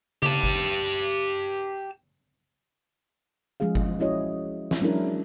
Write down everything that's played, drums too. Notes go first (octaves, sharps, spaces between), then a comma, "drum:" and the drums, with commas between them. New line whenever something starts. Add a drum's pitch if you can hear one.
G4 A5, drum: tom C#3
drum: kick G1
drum: tambourine
F3 G#3 C#4 G#4 F5
drum: kick G1
C#4 E4 F#4 C#5 D#5
drum: snare
F#3 G#3 C#4 D4 E4 A#4